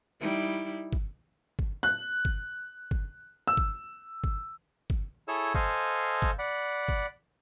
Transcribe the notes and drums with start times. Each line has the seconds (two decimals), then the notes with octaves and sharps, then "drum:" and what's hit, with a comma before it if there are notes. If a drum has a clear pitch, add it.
0.20 G3 D#4 E4
0.93 drum: kick
1.59 drum: kick
1.83 F#6
2.25 drum: kick
2.91 drum: kick
3.47 E6
3.57 drum: kick
4.24 drum: kick
4.90 drum: kick
5.28 E4 G#4 A4 C#5 E6
5.55 A4 C5 D#5 F5 G#5, drum: kick
6.22 drum: kick
6.39 D5 F#5 B5
6.88 drum: kick